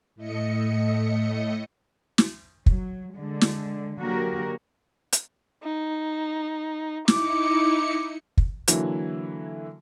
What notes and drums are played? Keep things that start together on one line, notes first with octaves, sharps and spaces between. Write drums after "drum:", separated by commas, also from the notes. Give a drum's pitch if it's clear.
A2 A3 D#5 C#7
drum: snare
F#3, drum: kick
D3 G#3
drum: snare
D3 F#3 A#3 F#4 G4 A#4
drum: hi-hat
D#4
D#4 E4 D6 C#7, drum: snare
drum: kick
D3 E3 F#3 A#3 E4, drum: hi-hat